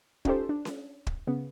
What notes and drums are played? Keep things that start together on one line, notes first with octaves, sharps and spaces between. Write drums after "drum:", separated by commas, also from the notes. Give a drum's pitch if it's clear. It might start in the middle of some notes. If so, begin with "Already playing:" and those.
C#4 D#4 F4 G4 A4 C5, drum: kick
D4
drum: snare C#4
drum: kick
C#3 B3